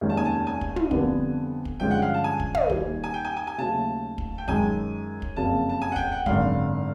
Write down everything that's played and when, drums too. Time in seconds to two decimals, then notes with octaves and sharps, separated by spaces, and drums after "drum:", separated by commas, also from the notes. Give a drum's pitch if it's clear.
0.01 F1 D#2 D#3 G#3 C#4
0.10 A5
0.17 G#5
0.25 A5
0.47 G#5
0.61 drum: kick
0.76 drum: tom
0.91 F2 D3 G3 B3, drum: kick
1.65 drum: kick
1.80 G2 D3 F3 G#3 C#4 G5
1.91 F#5
2.02 F5
2.14 A5
2.24 G#5
2.40 drum: kick
2.55 drum: tom
2.70 D#2 D#3 G3, drum: kick
3.04 G#5
3.14 G5
3.25 G#5
3.37 G#5
3.47 G#5
3.58 D#2 C#3 F#3 A3 A5
4.18 drum: kick
4.38 G5
4.48 F#2 D#3 G#3 G#5, drum: kick
5.22 drum: kick
5.36 F#1 F2 C#3 F#3 A5
5.69 A5
5.82 G#5
5.92 F#5
5.96 G5, drum: kick
6.12 F#5
6.26 G#1 F#2 D3 F5, drum: kick